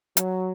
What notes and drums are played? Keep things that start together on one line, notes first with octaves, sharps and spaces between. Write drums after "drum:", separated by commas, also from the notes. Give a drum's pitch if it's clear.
F#3, drum: hi-hat